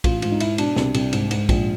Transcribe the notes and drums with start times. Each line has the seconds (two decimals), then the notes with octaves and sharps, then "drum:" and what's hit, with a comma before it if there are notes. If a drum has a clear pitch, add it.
0.04 A1 F4, drum: kick, cymbal
0.22 G#2 F4, drum: cymbal
0.31 D#4
0.40 G#2 E4, drum: cymbal
0.58 B2 D4, drum: cymbal
0.76 C2, drum: snare
0.94 C2, drum: cymbal
1.13 G#2, drum: cymbal
1.31 G#2, drum: cymbal
1.49 A#1, drum: kick, cymbal